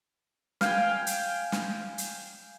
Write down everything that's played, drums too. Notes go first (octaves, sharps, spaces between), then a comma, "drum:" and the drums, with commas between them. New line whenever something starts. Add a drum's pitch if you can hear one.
F5 G5 G#5, drum: snare
drum: hi-hat
drum: snare
drum: hi-hat